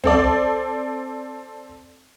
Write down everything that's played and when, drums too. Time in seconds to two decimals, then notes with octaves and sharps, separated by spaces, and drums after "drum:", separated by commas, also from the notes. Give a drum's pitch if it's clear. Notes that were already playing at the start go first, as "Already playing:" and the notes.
0.04 C4 A4 D5, drum: tom